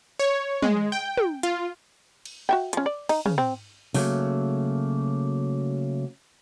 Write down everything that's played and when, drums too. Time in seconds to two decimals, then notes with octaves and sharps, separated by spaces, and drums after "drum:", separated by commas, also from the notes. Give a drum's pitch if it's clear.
0.19 C#5
0.62 G#3, drum: tom
0.92 G5
1.17 drum: tom
1.43 F4, drum: hi-hat
2.25 drum: cymbal
2.49 F#4 E5 G5
2.73 F3 C#4, drum: hi-hat
2.86 D5
3.09 D#4, drum: cymbal
3.26 C#3, drum: tom
3.38 C4
3.94 C#3 F#3 A3 A#3, drum: open hi-hat